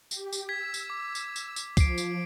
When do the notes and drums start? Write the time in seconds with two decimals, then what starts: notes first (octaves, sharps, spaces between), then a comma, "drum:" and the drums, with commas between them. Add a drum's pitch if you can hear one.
0.11 G4, drum: tambourine
0.33 drum: tambourine
0.49 E6 G#6 B6
0.74 drum: tambourine
0.90 D6
1.15 drum: tambourine
1.36 drum: tambourine
1.56 drum: tambourine
1.77 F3 C7 D7, drum: kick, tambourine
1.98 drum: tambourine